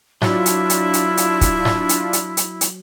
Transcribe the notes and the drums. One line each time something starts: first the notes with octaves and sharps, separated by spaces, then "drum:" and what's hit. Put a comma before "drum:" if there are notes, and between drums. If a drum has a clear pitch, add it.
F#3 D4 E4 F4, drum: snare G#2
drum: hi-hat
drum: hi-hat
drum: hi-hat
drum: hi-hat
drum: kick, hi-hat
drum: snare G#2
drum: hi-hat
drum: hi-hat
drum: hi-hat
drum: hi-hat